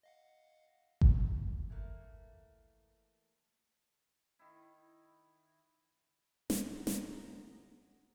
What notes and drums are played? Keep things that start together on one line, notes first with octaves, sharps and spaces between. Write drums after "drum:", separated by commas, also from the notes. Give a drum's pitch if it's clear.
D#5 F5 F#5
drum: kick G1
E3 A3 A#3
D#3 E4
D2 B3 A#5, drum: snare
drum: snare